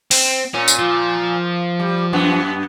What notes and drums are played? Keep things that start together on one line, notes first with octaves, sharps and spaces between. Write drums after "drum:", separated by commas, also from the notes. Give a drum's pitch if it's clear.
C4, drum: open hi-hat
A#2 C#4
drum: tambourine
F3
G3
F#2 B3